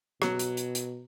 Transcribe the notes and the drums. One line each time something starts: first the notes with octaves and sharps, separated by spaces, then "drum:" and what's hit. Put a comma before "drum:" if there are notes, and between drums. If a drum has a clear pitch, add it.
B2 F#3, drum: rim click
drum: hi-hat
drum: hi-hat
drum: hi-hat